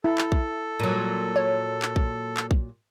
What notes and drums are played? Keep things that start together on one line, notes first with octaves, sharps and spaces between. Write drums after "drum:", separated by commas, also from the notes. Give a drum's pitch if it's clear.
E4 A4
drum: clap
drum: kick A#1
A#2 F#3
C#5
drum: clap
drum: kick A#1
drum: clap
drum: kick A#1